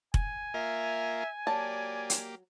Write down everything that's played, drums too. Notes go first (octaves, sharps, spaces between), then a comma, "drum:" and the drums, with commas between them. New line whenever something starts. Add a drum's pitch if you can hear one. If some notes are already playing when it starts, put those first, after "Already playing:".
G#5, drum: kick F1
A#3 F4 A#4 E5
F#3 A#3 G4 D5 A5
drum: hi-hat